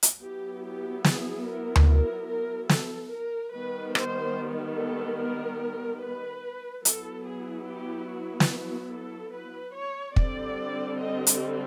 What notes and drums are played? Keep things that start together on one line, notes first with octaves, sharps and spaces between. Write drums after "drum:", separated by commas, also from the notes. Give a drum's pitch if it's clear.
drum: hi-hat
F#3 B3 E4 G4
G4
G#4, drum: snare
A#4
drum: tom D2
A#4
A#4
A4, drum: snare
A#4
D#3 G3 B3 B4
C5, drum: rim click
A4
A#4
B4
F#3 B3 E4 A4, drum: hi-hat
G#4
G4
F#4
drum: snare
F#4
A4
B4
C#5
D3 G3 C4 D5, drum: kick
D#5
drum: hi-hat